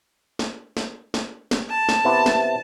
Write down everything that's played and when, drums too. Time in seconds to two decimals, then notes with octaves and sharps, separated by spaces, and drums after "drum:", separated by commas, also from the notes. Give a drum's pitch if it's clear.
0.39 drum: snare
0.77 drum: snare
1.14 drum: snare
1.51 drum: snare
1.70 A5
1.89 drum: snare
2.05 C3 B3 E4
2.26 drum: snare